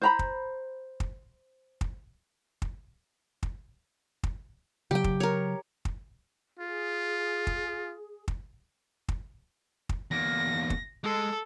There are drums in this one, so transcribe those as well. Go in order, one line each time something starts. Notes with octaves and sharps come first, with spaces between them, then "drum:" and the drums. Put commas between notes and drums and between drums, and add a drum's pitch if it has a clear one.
C5 A#5 B5
drum: kick
drum: kick
drum: kick
drum: kick
drum: kick
drum: kick
C#3 F#3 G4 G5
drum: kick
A#4 C#5
drum: kick
F4 G#4
drum: kick
drum: kick
drum: kick
drum: kick
E2 A#3 A#6
drum: kick
G#3 A4